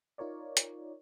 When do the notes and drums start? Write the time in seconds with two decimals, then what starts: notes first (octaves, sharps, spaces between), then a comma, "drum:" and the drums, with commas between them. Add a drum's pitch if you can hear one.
0.18 D#4 F4 A#4 C#5 D5
0.57 drum: hi-hat